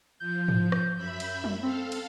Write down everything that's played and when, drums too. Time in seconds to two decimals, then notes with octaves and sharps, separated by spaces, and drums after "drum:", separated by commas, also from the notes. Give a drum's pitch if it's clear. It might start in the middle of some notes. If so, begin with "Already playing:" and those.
0.20 F3 G6
0.48 drum: tom G#2
0.72 drum: rim click
0.96 F#2 E5 B5
1.20 drum: cymbal
1.44 drum: tom F#3
1.63 C4 A4 F5
1.92 drum: cymbal